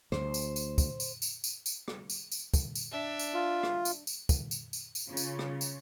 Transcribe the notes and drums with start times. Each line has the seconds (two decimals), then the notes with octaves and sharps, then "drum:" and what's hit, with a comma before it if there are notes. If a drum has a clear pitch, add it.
0.12 D2 C5, drum: rim click
0.34 drum: tambourine
0.56 drum: tambourine
0.78 drum: kick, tambourine
1.00 drum: tambourine
1.22 drum: tambourine
1.44 drum: tambourine
1.66 drum: tambourine
1.88 drum: rim click
2.10 drum: tambourine
2.32 drum: tambourine
2.54 drum: kick, tambourine
2.75 drum: tambourine
2.91 D4 E5
3.19 drum: tambourine
3.34 F4
3.63 drum: rim click
3.85 drum: tambourine
4.07 drum: tambourine
4.29 drum: kick, tambourine
4.51 drum: tambourine
4.73 drum: tambourine
4.95 drum: tambourine
5.08 C#3 C#4 F4
5.17 drum: tambourine
5.39 drum: rim click
5.61 drum: tambourine